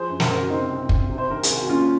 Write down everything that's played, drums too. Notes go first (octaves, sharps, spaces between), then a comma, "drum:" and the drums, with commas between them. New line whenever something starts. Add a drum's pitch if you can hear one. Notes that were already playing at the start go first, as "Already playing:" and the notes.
Already playing: F3 G#4 C5
F#2
A#4, drum: snare
C#3 C5
F#4 A#4
C2 C4 D#4
C2
C2, drum: kick
C3
C5
D#3 A#4
G#4, drum: hi-hat
C2
F#4
A#2 C#4 F4